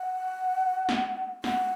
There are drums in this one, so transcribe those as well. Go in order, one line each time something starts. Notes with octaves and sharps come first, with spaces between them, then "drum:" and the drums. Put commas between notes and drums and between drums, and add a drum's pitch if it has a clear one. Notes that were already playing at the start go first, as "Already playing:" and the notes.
Already playing: F#5
drum: snare
F#5, drum: snare